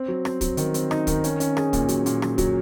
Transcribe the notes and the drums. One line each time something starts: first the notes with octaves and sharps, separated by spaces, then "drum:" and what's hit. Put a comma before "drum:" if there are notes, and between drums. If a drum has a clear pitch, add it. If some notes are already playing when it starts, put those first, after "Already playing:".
Already playing: C4
F#3
C4, drum: rim click
F#3, drum: kick, hi-hat
D#3, drum: hi-hat
C4, drum: hi-hat
D#4, drum: rim click
D#3, drum: kick, hi-hat
C#4, drum: hi-hat
C#4, drum: hi-hat
G#4, drum: rim click
A#2, drum: kick, hi-hat
F#3, drum: hi-hat
A#2, drum: hi-hat
F#3, drum: rim click
F#3, drum: kick, hi-hat